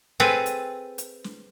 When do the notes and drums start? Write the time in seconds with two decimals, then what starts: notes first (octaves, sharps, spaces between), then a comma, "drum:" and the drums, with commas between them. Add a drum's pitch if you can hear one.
0.20 C4 G#4 A4 B4, drum: snare
0.46 drum: hi-hat
0.98 drum: hi-hat
1.24 drum: snare